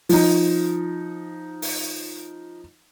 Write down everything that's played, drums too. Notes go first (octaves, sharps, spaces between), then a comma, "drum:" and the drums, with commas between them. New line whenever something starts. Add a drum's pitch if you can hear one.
F3 D#4, drum: open hi-hat
drum: open hi-hat